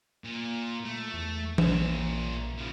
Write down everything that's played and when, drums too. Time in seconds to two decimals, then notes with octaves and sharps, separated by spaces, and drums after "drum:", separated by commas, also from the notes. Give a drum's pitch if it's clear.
0.25 A#2
0.85 A3
1.14 E2
1.58 A#1 A#2 E5, drum: tom E3
2.58 C#3 F3